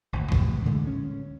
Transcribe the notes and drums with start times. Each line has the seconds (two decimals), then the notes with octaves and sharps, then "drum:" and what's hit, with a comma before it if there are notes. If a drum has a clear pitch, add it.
0.13 G#1 D2
0.32 A2 C3 E3 F3, drum: kick C#2
0.65 A#2 D3 G#3 A3
0.87 C#4